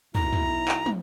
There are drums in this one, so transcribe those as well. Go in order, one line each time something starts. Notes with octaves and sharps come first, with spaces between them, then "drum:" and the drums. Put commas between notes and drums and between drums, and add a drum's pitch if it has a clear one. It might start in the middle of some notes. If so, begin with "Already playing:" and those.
B1 E4 A#5, drum: tom
drum: tom
drum: clap
drum: tom